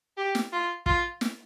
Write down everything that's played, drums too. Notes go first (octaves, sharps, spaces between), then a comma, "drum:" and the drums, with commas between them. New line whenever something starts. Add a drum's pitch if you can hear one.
G4
drum: snare
F4
F4, drum: kick
drum: snare